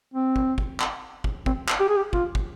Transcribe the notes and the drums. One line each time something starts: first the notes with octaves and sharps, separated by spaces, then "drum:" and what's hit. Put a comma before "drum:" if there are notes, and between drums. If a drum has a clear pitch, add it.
C4
drum: kick
drum: kick
drum: clap
drum: kick
C4, drum: kick
drum: clap
G4
G#4
G4
F4, drum: kick
drum: kick